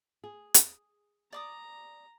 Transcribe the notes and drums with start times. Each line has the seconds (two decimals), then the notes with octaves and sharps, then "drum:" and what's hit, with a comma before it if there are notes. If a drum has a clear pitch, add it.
0.24 G#4
0.54 drum: hi-hat
1.33 D5 A#5 D6 D#6